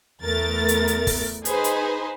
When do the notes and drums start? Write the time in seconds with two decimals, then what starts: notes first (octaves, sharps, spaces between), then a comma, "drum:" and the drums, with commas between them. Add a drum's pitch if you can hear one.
0.23 E2 A3 B3 A#4 A6
0.68 drum: hi-hat
0.88 drum: hi-hat
1.07 drum: kick, open hi-hat
1.45 D#4 G#4 B4 C5, drum: hi-hat
1.64 drum: hi-hat